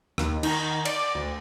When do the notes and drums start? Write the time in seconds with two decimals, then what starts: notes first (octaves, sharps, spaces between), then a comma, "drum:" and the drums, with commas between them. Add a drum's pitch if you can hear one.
0.18 D#2, drum: rim click
0.43 D#3, drum: cymbal
0.85 D5, drum: cymbal
1.15 D2